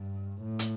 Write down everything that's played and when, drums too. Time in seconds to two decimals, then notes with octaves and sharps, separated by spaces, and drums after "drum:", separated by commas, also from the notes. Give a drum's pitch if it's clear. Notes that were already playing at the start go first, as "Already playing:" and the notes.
Already playing: G2
0.42 A2
0.59 drum: hi-hat